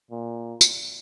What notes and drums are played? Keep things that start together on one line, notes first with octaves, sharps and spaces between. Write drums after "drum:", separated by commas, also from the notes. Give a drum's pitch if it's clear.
A#2
drum: tambourine